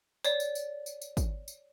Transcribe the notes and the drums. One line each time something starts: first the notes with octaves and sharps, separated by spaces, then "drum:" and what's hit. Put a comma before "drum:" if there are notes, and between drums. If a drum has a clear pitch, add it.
C#5 D5, drum: tambourine
drum: tambourine
drum: tambourine
drum: tambourine
drum: tambourine
drum: kick, tambourine
drum: tambourine